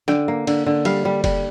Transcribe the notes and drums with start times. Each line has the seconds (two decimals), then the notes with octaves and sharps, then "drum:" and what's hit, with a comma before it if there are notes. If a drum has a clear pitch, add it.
0.08 D3 G5, drum: snare
0.28 A#3
0.47 D3, drum: cymbal
0.66 D3
0.85 G3 F5, drum: cymbal
1.05 G3
1.24 G3, drum: kick F1, cymbal